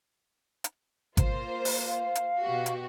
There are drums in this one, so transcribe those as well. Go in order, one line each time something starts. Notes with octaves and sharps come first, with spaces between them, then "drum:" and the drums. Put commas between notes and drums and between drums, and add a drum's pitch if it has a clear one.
drum: hi-hat
A#3 F4 C5, drum: kick G#1, hi-hat
drum: open hi-hat
F5
drum: hi-hat
B2 F#4 G4
drum: hi-hat